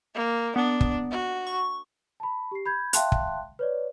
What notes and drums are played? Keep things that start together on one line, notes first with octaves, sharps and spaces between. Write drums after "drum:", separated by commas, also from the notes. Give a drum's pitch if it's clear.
A#3
B3 D4
drum: kick
F#4
C#6
A5 B5
G4 C7
B5 G6 G#6
E5 F5 G5 A5 C6 F#6, drum: hi-hat
drum: kick
B4 C#5 D5